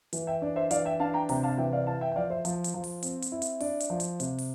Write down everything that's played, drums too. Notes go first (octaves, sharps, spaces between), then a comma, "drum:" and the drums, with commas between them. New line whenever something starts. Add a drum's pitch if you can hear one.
E3, drum: hi-hat
E5 G5
D4 D5
C5 E5
E3 D5 F5, drum: hi-hat
E5 G5
D4 F5 A5
G5 A#5
C3 G5 A#5, drum: open hi-hat
F5 A5
E3 E5 G5
D5 F5
E4 F5 A5
E5 G5
G5
F3 D5 F5
C5 E5
F3, drum: hi-hat
drum: hi-hat
F3
drum: open hi-hat
C4, drum: hi-hat
drum: hi-hat
E4
drum: hi-hat
D4 D5, drum: open hi-hat
drum: hi-hat
F3
drum: hi-hat
C3, drum: hi-hat
drum: open hi-hat